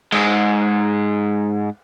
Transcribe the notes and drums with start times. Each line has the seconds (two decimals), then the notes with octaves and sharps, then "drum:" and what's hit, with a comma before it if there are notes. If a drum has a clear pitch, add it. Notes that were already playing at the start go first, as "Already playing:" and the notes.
0.12 G#2 G#3, drum: cymbal